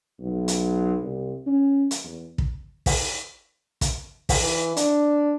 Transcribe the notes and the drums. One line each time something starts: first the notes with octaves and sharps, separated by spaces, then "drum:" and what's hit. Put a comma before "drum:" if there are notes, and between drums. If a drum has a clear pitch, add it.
B1
drum: hi-hat
C2
C#4
drum: hi-hat
E2
drum: kick
drum: kick, open hi-hat
drum: kick, hi-hat
drum: kick, open hi-hat
E3
D4, drum: hi-hat